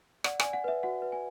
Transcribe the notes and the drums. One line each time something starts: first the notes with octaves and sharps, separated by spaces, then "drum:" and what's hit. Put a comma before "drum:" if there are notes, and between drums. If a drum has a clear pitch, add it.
D5 F#5, drum: rim click
G#5, drum: rim click
D5
F#5
B4 E5
F#4 F#5
B4
G#5